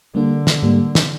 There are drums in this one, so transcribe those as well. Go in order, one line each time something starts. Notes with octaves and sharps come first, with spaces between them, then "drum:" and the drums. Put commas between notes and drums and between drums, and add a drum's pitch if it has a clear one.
D3 G3 A#3 D4
drum: snare
G#2 G3 A#3
drum: snare